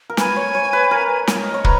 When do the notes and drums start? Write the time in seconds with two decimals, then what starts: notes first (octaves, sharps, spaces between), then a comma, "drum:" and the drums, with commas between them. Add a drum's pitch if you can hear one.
0.10 A#4
0.17 B4 G#5, drum: snare
0.36 C#5
0.55 C#5
0.73 B4
0.91 A#4
1.27 A#4, drum: snare
1.44 D#5
1.54 C#5
1.64 B4 A#5, drum: kick